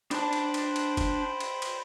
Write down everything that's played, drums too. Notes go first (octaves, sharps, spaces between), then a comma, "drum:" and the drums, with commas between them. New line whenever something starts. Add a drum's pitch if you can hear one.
D4 C5 G5 A5 B5, drum: cymbal
drum: cymbal
drum: cymbal
drum: cymbal
drum: kick, cymbal
drum: cymbal
drum: cymbal